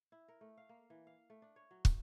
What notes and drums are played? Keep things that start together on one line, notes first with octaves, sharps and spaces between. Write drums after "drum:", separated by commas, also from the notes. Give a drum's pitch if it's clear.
E4
A#4
A3
F5
A#3
E3
F5
A3
D4
C#5
F#3
D#4, drum: kick